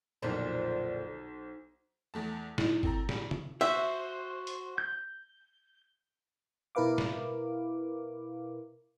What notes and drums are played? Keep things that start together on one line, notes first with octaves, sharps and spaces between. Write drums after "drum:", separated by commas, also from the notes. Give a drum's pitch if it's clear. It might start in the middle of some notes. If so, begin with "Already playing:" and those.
B1 F2 A#2 D3 C5
E2 A3 A5
D#4 E4, drum: snare
C4 A4 A#5, drum: kick
G3, drum: snare
drum: tom
F#4 C5 E5, drum: cymbal
drum: hi-hat
G6
B2 E4 A#4 B4 F5 D6
drum: snare